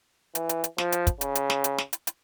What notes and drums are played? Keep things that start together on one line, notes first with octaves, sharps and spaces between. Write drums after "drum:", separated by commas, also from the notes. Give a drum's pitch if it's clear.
E3, drum: hi-hat
drum: hi-hat
drum: hi-hat
F3, drum: snare
drum: hi-hat
drum: kick, hi-hat
C#3, drum: hi-hat
drum: hi-hat
drum: snare
drum: hi-hat
drum: snare
drum: hi-hat
drum: hi-hat